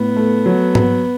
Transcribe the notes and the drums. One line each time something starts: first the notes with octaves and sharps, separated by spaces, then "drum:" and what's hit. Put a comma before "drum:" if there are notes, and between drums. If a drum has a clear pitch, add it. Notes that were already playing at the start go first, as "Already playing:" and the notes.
Already playing: A2 B3
A3
F#3
drum: tom G#2